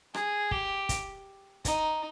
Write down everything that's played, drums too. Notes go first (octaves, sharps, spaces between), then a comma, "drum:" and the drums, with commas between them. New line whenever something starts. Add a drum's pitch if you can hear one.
G#4, drum: rim click
G4, drum: kick
drum: kick, hi-hat
D#4, drum: kick, hi-hat